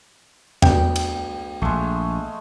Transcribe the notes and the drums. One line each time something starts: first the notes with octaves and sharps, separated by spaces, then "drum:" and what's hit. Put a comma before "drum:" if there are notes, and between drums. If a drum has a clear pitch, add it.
D2 B3 G5, drum: tom E2
drum: cymbal
A#1 G#3 A3